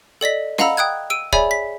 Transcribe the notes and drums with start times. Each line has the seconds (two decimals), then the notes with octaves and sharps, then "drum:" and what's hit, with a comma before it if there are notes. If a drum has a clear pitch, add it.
0.21 A4 D5 D#5 B6
0.58 D#5 F5 F#5 A#5 B5 E6, drum: snare C#4
0.77 G5 D#6 F#6 G#6
1.10 E6 D7 D#7
1.33 G#4 C#5 D5 E5 G#5 B5, drum: kick
1.51 B6